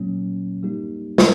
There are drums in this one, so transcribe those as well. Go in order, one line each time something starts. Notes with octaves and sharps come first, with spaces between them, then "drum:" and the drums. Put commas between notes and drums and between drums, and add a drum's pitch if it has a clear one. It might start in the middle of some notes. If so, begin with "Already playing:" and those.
Already playing: A#2 F#3 A#3 C#4
G3 A#3 D#4 G4
drum: snare